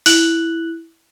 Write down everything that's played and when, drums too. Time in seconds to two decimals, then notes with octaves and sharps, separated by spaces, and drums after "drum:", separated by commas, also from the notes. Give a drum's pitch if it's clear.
0.06 E4 F#6 F#7, drum: open hi-hat